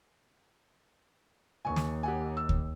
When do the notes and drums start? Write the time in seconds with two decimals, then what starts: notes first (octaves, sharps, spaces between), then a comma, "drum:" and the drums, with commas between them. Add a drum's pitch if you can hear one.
1.65 D#2 G#5 C#6
1.76 drum: snare
2.03 G4 F#5 G#5
2.37 E6
2.49 drum: kick D2